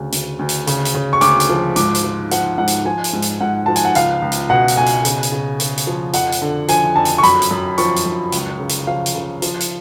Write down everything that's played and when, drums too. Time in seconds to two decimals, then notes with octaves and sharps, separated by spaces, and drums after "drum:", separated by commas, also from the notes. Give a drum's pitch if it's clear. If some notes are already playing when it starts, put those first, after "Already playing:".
Already playing: D2 C#3
0.12 D2, drum: hi-hat
0.39 D2
0.49 drum: hi-hat
0.67 C#3, drum: hi-hat
0.85 drum: hi-hat
0.94 C#3
1.13 C#6
1.21 D2 D6, drum: hi-hat
1.40 drum: hi-hat
1.49 F3
1.76 G#2 D6, drum: hi-hat
1.95 drum: hi-hat
2.04 F3
2.31 F3 F#5, drum: hi-hat
2.58 G#2 F#5
2.67 drum: hi-hat
2.85 F3 G#5
3.04 drum: hi-hat
3.13 G#2
3.22 drum: hi-hat
3.41 G#2 F#5
3.66 F3 A5
3.76 G#5, drum: hi-hat
3.85 F#5
3.95 C#2 F5, drum: hi-hat
4.22 C#2
4.32 drum: hi-hat
4.49 B2 F#5
4.68 drum: hi-hat
4.77 B2 G#5
4.86 drum: hi-hat
5.05 C#3, drum: hi-hat
5.23 drum: hi-hat
5.32 C#3
5.60 C#3, drum: hi-hat
5.77 drum: hi-hat
5.87 F3
6.13 F2 F#5, drum: hi-hat
6.32 drum: hi-hat
6.41 D3
6.68 F3 G#5, drum: hi-hat
6.96 F2 A5
7.05 drum: hi-hat
7.18 C#6
7.23 F#2 B5, drum: hi-hat
7.42 drum: hi-hat
7.51 F#2
7.78 F3 C#6, drum: hi-hat
7.96 drum: hi-hat
8.06 F#2
8.32 C#2, drum: hi-hat
8.60 C#3
8.69 drum: hi-hat
8.87 F3 F5
9.06 drum: hi-hat
9.15 C#3
9.42 F3, drum: hi-hat
9.60 drum: hi-hat